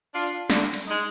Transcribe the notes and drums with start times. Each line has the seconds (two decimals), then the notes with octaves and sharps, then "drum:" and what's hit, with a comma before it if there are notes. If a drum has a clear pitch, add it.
0.12 D4 F4
0.50 D3, drum: snare
0.74 drum: cymbal
0.86 G#3 D#4